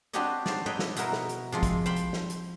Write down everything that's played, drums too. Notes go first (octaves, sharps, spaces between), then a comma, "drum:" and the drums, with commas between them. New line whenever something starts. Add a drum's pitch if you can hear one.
C4 D4 F#4 G4 C#5 D#5
C5 D5, drum: snare
B4 C#5 D#5 E5 G5
drum: snare
B2 E4 F#4 A#4 E5, drum: hi-hat
drum: snare
drum: hi-hat
C3 F3 G#3
drum: kick, hi-hat
C5 F5 G5 B5
drum: hi-hat
drum: snare
drum: hi-hat